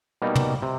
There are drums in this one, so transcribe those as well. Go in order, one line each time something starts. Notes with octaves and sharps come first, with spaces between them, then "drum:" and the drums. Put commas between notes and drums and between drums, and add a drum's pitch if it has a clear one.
B2 G3 A#3 D#4
drum: tom
C3